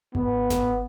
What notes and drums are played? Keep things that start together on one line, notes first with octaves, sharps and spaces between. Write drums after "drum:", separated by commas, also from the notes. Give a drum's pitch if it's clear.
B3, drum: kick G#1
drum: snare G#1